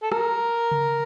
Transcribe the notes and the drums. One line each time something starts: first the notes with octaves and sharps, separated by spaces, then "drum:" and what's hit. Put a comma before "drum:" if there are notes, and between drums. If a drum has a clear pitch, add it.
A4
A#4, drum: rim click
drum: tom C#3